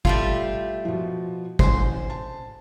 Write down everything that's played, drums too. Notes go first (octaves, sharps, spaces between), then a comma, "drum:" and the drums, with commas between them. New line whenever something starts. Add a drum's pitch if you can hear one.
G3 A3 F4, drum: kick
B2 F3
A1 C5 G#5, drum: kick
A5